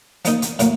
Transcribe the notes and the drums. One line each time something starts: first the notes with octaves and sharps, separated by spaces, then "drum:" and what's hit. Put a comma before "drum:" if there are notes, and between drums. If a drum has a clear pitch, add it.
F3 A#3 D#4, drum: hi-hat
drum: hi-hat
A2 F#3 A#3, drum: hi-hat